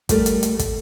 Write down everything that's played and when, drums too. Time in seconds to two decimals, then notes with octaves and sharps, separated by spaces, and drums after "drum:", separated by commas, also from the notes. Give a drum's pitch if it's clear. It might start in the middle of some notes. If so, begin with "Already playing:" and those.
0.09 G3 A3 A#4, drum: kick, hi-hat
0.26 drum: hi-hat
0.43 drum: hi-hat
0.59 drum: kick, hi-hat